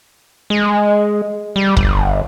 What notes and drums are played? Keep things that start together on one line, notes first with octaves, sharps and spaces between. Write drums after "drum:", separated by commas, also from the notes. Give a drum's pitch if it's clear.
G#3
G3
G1, drum: kick